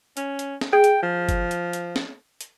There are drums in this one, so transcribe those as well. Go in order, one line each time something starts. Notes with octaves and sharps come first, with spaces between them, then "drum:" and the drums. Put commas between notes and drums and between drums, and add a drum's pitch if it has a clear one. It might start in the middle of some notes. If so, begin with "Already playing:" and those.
C#4, drum: hi-hat
drum: hi-hat
drum: snare
G#4 G5
drum: hi-hat
F3
drum: kick G1, hi-hat
drum: hi-hat
drum: hi-hat
drum: snare
drum: hi-hat